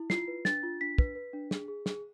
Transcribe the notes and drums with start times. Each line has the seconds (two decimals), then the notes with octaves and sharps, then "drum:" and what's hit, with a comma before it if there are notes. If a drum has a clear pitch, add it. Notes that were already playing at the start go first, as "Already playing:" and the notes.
Already playing: E4
0.10 F4 C7, drum: snare
0.28 B4
0.45 D4 A6, drum: snare
0.63 F4
0.81 D4 B6
0.98 B4, drum: kick
1.15 B4
1.33 D4
1.51 G#4, drum: snare
1.68 G#4
1.86 G#4, drum: snare